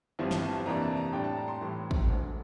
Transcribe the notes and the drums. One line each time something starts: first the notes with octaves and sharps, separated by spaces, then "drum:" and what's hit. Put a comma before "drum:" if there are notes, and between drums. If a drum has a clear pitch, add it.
G1 G2 F3 C4 E4 A5
drum: snare
A5
F2 C3 E3 A#3 D4 A#5
A5
A#5
A2 G3 D4 G5
A5
A#5
C6
A2 E3 G3
drum: kick
E1 D2 D3